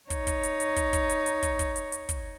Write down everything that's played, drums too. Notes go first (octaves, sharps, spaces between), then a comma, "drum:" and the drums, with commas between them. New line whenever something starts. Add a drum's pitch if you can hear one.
D#4 C#5, drum: kick, hi-hat
drum: kick, hi-hat
drum: hi-hat
drum: hi-hat
drum: kick, hi-hat
drum: kick, hi-hat
drum: hi-hat
drum: hi-hat
drum: kick, hi-hat
drum: kick, hi-hat
drum: hi-hat
drum: hi-hat
drum: kick, hi-hat